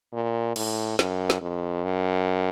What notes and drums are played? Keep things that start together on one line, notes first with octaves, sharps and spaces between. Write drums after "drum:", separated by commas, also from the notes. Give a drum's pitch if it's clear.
A#2
A2, drum: cymbal
F#2, drum: snare
drum: snare
F2
F#2